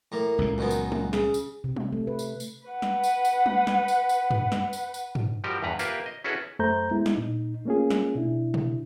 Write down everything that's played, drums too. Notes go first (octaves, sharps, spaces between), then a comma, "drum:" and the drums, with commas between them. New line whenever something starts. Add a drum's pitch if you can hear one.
A2 A#3
C#2 A#2
F#2 D#3 B3
drum: tambourine
drum: tom
C#3, drum: snare
drum: tambourine
C3
drum: tom
A3
B4
drum: tambourine
drum: tambourine
B4 F#5
drum: snare
drum: tambourine
drum: tambourine
drum: tom
drum: snare
drum: tambourine
drum: tambourine
drum: tom
drum: snare
drum: tambourine
drum: tambourine
drum: tom
F3 G3 F#4 G4 A#4 D#5
E2 G2 B4 A#5
A#3 F4 G4 A#4 B4 E5, drum: tambourine
D#5
C#4 E4 F#4 G#4 A4 B4
F#2 A3 A4 C5 A#5 G6
G#3 B3 E4
drum: snare
A#2 D#4
A3 A#3 C#4 F4 G#4
drum: snare
B2 D4 E4
drum: tom